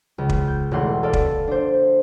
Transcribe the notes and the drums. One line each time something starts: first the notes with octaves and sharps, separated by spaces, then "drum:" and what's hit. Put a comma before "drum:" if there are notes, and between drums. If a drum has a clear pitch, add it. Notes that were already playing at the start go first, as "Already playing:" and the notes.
C#2
drum: kick
G6
E1 E3 A3 F#5 C6
A4 D5 F5
drum: kick
D4 C5